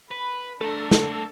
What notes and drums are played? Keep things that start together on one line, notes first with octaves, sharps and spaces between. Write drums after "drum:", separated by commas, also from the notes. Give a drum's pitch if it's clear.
B4 B5
A3 D4 A4 A#4 A5
drum: snare